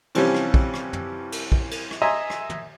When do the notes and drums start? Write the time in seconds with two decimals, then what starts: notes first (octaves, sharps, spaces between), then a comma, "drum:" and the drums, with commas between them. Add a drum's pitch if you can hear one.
0.15 C3 E3 F3 G3 C#4, drum: cymbal
0.34 drum: rim click
0.54 drum: kick
0.74 drum: rim click
0.93 drum: tom
1.32 drum: cymbal
1.52 drum: kick
1.71 drum: cymbal
1.91 drum: rim click
2.02 D#5 E5 G#5 A#5 C6
2.30 drum: rim click
2.50 drum: tom